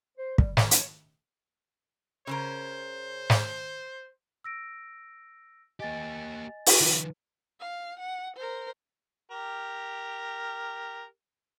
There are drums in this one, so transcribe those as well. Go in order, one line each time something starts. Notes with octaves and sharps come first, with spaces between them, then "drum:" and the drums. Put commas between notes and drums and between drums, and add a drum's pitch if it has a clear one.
C5
G3, drum: kick
D#3, drum: snare
C#5, drum: hi-hat
C#3 C#4 A#4 C5
drum: snare
E6 A#6 D7
A#3 G4 D#5 G#5 A6
drum: open hi-hat
D#3 F3 D#4 B4
F5
F#5
A#4 C5
G4 A#4